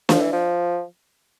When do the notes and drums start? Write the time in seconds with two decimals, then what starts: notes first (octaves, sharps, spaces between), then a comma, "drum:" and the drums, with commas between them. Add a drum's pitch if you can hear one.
0.09 F3, drum: snare
0.21 E3
0.32 F3